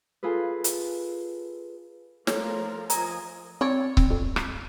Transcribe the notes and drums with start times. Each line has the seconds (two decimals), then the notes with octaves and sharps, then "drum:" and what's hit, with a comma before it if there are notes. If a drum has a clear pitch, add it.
0.23 F4 G#4 A4 B4
0.64 drum: hi-hat
2.27 F3 A3 A4 A#4 C#5, drum: snare
2.90 F3 A#4 D#5 G#5 A#5, drum: hi-hat
3.61 C4 C#5 D5
3.97 C4, drum: kick C#1
4.10 F2
4.36 drum: rim click